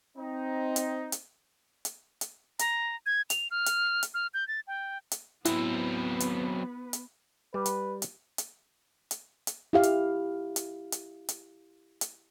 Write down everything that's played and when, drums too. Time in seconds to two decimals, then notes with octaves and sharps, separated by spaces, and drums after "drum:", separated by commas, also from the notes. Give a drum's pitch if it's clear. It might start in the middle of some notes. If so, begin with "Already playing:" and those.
0.17 C4 D#4
0.76 drum: hi-hat
1.12 drum: hi-hat
1.85 drum: hi-hat
2.21 drum: hi-hat
2.59 A#5, drum: hi-hat
3.06 G#6
3.30 F7, drum: hi-hat
3.51 F6
3.66 drum: hi-hat
4.03 drum: hi-hat
4.14 F6
4.34 G6
4.48 A6
4.67 G5
5.11 drum: hi-hat
5.45 F#3 B3 C4 E4 B4, drum: hi-hat
6.20 drum: hi-hat
6.93 drum: hi-hat
7.54 G3 B4
7.66 drum: hi-hat
8.02 drum: hi-hat
8.38 drum: hi-hat
9.11 drum: hi-hat
9.47 drum: hi-hat
9.73 E4 G4 F5
9.83 drum: hi-hat
10.56 drum: hi-hat
10.92 drum: hi-hat
11.29 drum: hi-hat
12.01 drum: hi-hat